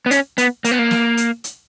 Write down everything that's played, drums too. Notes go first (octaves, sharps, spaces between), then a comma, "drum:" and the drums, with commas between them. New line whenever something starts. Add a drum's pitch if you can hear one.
B3
C#4, drum: hi-hat
B3, drum: hi-hat
A#3, drum: hi-hat
B3
A#3
drum: snare
drum: hi-hat
drum: hi-hat